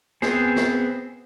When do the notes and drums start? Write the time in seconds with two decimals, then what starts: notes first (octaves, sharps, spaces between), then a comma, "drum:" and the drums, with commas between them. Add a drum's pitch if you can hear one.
0.22 B3 C4 G#4, drum: snare
0.56 drum: snare